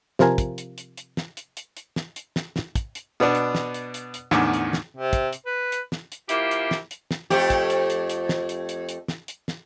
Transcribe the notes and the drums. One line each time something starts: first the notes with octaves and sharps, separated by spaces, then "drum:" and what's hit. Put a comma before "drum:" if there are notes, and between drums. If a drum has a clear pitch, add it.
C3 F3 F4 A#4 G#5, drum: snare
drum: kick, hi-hat
drum: hi-hat
drum: hi-hat
drum: hi-hat
drum: snare
drum: hi-hat
drum: hi-hat
drum: hi-hat
drum: snare
drum: hi-hat
drum: snare
drum: snare
drum: kick, hi-hat
drum: hi-hat
B2 B3 D4
drum: hi-hat
drum: snare
drum: hi-hat
drum: hi-hat
drum: hi-hat
E2 A2 D3 D#3, drum: snare
drum: hi-hat
drum: snare
C3
drum: kick, hi-hat
drum: hi-hat
B4
drum: hi-hat
drum: snare
drum: hi-hat
F3 A#3 E4 G4, drum: hi-hat
drum: hi-hat
drum: snare
drum: hi-hat
drum: snare
F2 A3 G4, drum: snare
drum: kick, hi-hat
drum: hi-hat
drum: hi-hat
drum: hi-hat
drum: snare
drum: hi-hat
drum: hi-hat
drum: hi-hat
drum: snare
drum: hi-hat
drum: snare